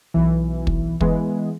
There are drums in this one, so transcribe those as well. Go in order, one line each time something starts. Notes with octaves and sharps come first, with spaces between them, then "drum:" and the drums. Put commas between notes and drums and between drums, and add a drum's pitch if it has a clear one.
B1 E3
drum: kick
E3 G#3 B3, drum: kick